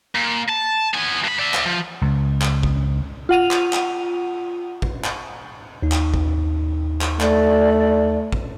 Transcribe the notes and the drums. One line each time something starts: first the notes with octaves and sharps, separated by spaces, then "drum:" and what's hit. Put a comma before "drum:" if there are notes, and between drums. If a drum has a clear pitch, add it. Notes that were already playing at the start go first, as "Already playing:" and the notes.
A#2
A5
B3 G#5
G2 B5
D5 E5
drum: clap
F3
C#2
drum: clap
drum: kick
F4 F#5 D#7 F7
drum: clap
drum: clap
drum: kick
drum: clap
D#2 D#4
drum: clap
drum: kick
drum: clap
A3 D5, drum: clap
drum: kick